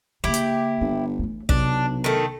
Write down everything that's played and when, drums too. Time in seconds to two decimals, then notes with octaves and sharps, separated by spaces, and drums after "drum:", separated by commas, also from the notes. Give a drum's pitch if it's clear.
0.24 C#3 A#3 E4 G4
0.34 drum: hi-hat
0.81 G1 G3
1.19 E3 A3
1.49 B1 C3 D4, drum: kick
2.04 D#3 A3